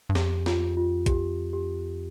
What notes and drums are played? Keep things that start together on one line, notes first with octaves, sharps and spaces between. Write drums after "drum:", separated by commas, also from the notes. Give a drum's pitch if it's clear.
G2
F2 G4, drum: snare
F4, drum: snare
F4
G4, drum: kick A#1, hi-hat
G4